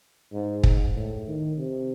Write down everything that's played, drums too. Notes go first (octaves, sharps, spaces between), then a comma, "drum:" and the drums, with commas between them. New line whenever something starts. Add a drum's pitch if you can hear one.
G#2
drum: kick
A2
D#3
C3